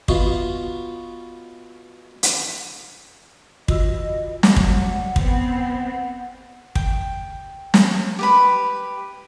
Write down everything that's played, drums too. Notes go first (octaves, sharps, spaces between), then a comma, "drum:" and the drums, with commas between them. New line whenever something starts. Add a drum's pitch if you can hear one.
B3 F4 F#4 D#5, drum: kick
drum: hi-hat
E3 F4 F#4 D#5 E6, drum: kick
F#3 G3 F#5 D6, drum: snare
drum: kick
B3 C4, drum: kick
G5, drum: kick
drum: snare
G4 B4 B5